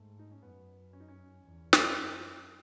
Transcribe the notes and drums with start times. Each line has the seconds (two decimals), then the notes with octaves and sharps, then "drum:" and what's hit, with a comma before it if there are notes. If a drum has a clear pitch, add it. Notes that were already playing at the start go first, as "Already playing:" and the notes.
Already playing: G#2 A3
0.19 D#4
0.31 C#4
0.42 F#2 B3
0.93 C#4
1.00 D#4
1.08 C#4
1.44 E2
1.73 drum: snare
1.95 F#2 D#4
2.05 C#4
2.14 B3
2.23 C#4